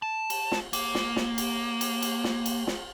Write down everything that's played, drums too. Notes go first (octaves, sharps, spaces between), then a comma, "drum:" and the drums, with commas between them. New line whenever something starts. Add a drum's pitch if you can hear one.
A5
drum: cymbal
drum: snare
A#3, drum: cymbal
drum: snare
drum: snare
drum: cymbal
drum: cymbal
drum: cymbal
drum: snare
drum: cymbal
drum: snare